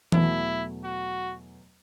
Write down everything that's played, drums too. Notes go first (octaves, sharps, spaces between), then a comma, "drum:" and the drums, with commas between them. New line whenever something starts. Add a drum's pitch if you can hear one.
E2 B2 F#3 A3 E4, drum: tom E3
F#4